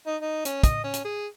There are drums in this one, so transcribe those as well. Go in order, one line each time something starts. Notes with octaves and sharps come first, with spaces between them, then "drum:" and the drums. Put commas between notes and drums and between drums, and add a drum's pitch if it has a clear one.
D#4
D#4
C#4, drum: hi-hat
D#5, drum: kick, hi-hat
C#4
drum: hi-hat
G#4